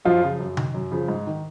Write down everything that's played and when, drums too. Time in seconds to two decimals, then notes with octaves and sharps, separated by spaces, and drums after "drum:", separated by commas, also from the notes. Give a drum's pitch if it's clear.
0.05 F#2 F3 F4
0.23 C#3 F3
0.40 F#2
0.57 D#3, drum: tom C3
0.74 F#2
0.91 C#3 F3
1.08 G#2
1.27 D#3